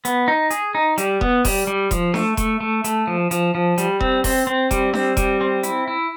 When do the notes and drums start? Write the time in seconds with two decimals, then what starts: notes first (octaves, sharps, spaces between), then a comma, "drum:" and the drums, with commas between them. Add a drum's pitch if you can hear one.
0.05 B3, drum: hi-hat
0.28 D#4
0.50 G#4, drum: hi-hat
0.75 D#4
0.98 G3, drum: hi-hat
1.21 B3, drum: kick E1
1.45 G3, drum: kick E1, open hi-hat
1.67 G3
1.91 F3, drum: kick E1, hi-hat
2.14 A3, drum: snare D4
2.37 A3, drum: kick E1, hi-hat
2.61 A3
2.84 A3, drum: hi-hat
3.07 F3
3.31 F3, drum: hi-hat
3.55 F3
3.78 G3, drum: hi-hat
4.00 C4, drum: kick E1
4.24 C4, drum: kick E1, open hi-hat
4.47 C4
4.71 G3, drum: kick E1, hi-hat
4.94 C4, drum: snare D4
5.17 G3, drum: kick E1, hi-hat
5.41 C4
5.63 E4, drum: hi-hat
5.88 E4